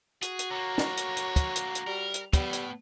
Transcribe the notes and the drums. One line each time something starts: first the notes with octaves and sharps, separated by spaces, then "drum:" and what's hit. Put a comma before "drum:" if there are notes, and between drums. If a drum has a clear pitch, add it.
F#4 G#4, drum: hi-hat
drum: hi-hat
D3 A#3 C#5 A#5
drum: snare
drum: hi-hat
drum: hi-hat
drum: kick, hi-hat
drum: hi-hat
drum: hi-hat
G3 A#4
drum: hi-hat
A2 G3 B3, drum: kick, hi-hat
drum: hi-hat